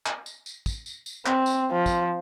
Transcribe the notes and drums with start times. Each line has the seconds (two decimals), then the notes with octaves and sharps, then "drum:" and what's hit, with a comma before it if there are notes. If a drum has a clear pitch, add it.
0.06 drum: clap
0.26 drum: tambourine
0.46 drum: tambourine
0.66 drum: kick, tambourine
0.86 drum: tambourine
1.06 drum: tambourine
1.26 C4, drum: clap
1.46 drum: tambourine
1.72 F3
1.86 drum: kick, tambourine